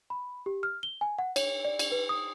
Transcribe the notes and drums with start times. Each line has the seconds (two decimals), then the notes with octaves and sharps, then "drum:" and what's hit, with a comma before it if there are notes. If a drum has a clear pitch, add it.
0.10 B5
0.46 G4
0.63 F6
0.83 G7
1.01 G#5
1.18 F#5
1.36 C#5, drum: cymbal
1.65 D5
1.79 drum: cymbal
1.92 B4
2.09 D#6